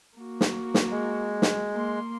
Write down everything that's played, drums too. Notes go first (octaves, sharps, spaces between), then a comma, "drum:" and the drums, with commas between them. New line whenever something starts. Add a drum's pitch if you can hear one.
A#3 F#4
drum: snare
drum: snare
G#3
drum: snare
A#3 C6